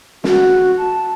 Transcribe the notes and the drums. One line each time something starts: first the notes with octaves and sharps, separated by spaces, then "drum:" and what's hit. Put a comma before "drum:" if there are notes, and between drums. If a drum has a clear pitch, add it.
F#4, drum: snare
A5